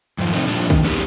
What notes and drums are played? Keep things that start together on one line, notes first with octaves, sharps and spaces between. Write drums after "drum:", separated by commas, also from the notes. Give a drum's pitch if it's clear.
F2 G#2 D#3 F3
C3 A3 C4 D4 D#4 A#4
A#2 F3 G3 D4
D#3, drum: kick
A#3 B3 C#4 D#4 G4 G#4